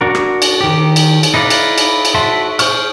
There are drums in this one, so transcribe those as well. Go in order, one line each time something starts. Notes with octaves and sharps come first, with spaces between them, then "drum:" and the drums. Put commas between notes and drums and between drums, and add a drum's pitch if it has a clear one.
D4 F#4 A#4
drum: rim click
drum: cymbal
D#3 G4
drum: cymbal
drum: cymbal
D#4 E4 B4 D5 F5
drum: cymbal
drum: cymbal
drum: cymbal
F#4 E5 A5 C6
G#4 C5 C#6 F6, drum: cymbal